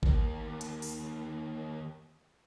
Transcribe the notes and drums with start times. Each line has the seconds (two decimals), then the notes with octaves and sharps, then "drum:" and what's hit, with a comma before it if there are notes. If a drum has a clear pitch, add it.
0.03 D#2 A#3, drum: kick G#1
0.61 drum: hi-hat
0.82 drum: open hi-hat